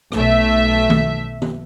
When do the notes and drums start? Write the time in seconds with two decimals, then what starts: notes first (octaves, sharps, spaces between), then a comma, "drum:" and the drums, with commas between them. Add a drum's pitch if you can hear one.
0.12 B1 A3 E5, drum: rim click
0.90 drum: tom D#3
1.42 drum: tom